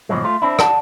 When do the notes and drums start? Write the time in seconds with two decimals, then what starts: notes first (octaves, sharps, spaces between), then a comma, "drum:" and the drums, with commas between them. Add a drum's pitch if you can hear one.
0.09 D#2 G#2 B2 F3 F#3 G#3
0.24 A3 F4
0.42 C4 D4 E4
0.59 D5 F#5 A5, drum: rim click